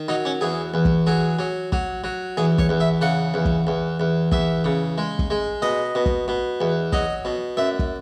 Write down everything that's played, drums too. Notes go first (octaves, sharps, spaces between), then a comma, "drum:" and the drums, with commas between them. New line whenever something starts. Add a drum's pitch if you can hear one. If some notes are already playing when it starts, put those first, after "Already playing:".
Already playing: D#3
F#3 D#4
C#4
E2 G#4
E2
drum: kick
F#3 G#4
F#3
F#3, drum: kick
F#3
E2 G#4
C#5, drum: kick
E2
E5
C#3 F#5
E2
drum: kick
E2
E2
E2 E5, drum: kick
C#3
G#3
drum: kick
G#3
B2 D#5
B2
drum: kick
B2
E2
F#3 D#5, drum: kick
B2
F#2 E5
drum: kick